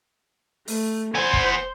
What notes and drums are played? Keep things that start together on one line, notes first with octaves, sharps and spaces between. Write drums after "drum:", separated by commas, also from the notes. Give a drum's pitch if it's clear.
A3, drum: open hi-hat
B3 C5 G#5
drum: kick